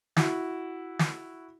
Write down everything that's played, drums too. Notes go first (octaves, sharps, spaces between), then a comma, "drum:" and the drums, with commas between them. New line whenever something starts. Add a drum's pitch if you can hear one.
E4 F#4, drum: snare
drum: snare